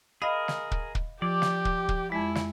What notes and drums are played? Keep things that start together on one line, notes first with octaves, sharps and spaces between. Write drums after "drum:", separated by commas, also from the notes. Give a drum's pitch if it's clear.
G#4 A#4 D#5 F5 B5
drum: snare
drum: kick
drum: kick
F3 G4 D5
drum: snare
drum: kick
drum: kick
F2 G#3 E4
drum: snare